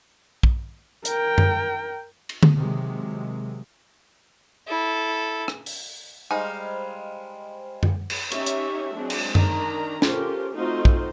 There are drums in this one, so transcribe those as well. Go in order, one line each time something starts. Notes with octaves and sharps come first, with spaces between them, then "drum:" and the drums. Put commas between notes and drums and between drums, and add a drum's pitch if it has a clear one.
drum: kick A#1
A#4 G5, drum: hi-hat
drum: tom F#2
drum: cymbal
drum: tom D3
C3 D#3 F#3 G#3
E4 A4
drum: rim click
drum: open hi-hat
G3 G#3 D#4 C5 D#5 F5 G#5
drum: tom F#2
drum: cymbal
C#4 D#4 G4 C#5 E5, drum: hi-hat
drum: hi-hat
F#3 G#3 C4 D4
drum: cymbal
D#3 D4 A#5, drum: tom F#2
C#4 F4 G4 A4 A#4 C5, drum: snare
A3 C4 D#4 F4 F#4 C5
drum: kick A#1